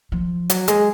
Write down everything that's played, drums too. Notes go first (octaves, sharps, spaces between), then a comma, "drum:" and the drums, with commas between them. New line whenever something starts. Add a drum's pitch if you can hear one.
F3
F#3, drum: hi-hat
G#3, drum: hi-hat